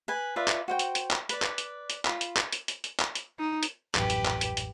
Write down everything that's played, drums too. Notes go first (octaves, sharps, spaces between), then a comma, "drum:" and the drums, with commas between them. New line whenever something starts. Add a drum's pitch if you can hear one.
B4 G#5
F4 B4 D5 E5
drum: clap
F#4 C5 G5
drum: hi-hat
drum: hi-hat
drum: clap
B4 D5, drum: hi-hat
drum: clap
drum: hi-hat
drum: hi-hat
F4 B5, drum: clap
drum: hi-hat
drum: clap
drum: hi-hat
drum: hi-hat
drum: hi-hat
drum: clap
drum: hi-hat
D#4
drum: hi-hat
D#1 A1 F#2 G4 B4, drum: clap
drum: hi-hat
drum: clap
drum: hi-hat
drum: hi-hat